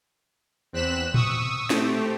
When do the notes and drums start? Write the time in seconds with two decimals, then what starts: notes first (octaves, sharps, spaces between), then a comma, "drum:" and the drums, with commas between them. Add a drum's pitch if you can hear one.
0.73 E2 C4 F#6 B6 E7
1.14 C#6 D#6 E6, drum: tom A2
1.70 A3 C4 G4, drum: snare